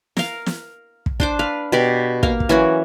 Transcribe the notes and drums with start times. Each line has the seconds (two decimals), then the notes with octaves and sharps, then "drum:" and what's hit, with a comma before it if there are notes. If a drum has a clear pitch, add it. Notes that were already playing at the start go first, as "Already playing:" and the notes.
0.17 A#4 F5, drum: snare
0.46 drum: snare
1.06 drum: kick
1.20 D4 C5 D6, drum: kick
1.39 B4 F5
1.72 B2 G4 D5
2.23 A#3 F5, drum: kick
2.40 drum: kick
2.49 E3 F#3 C#4 F#4